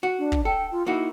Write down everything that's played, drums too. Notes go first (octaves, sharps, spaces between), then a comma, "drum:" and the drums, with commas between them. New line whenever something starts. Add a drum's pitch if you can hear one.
F#4
D4
drum: kick
A4 G5
F4
A#3 D#4 E4 F#4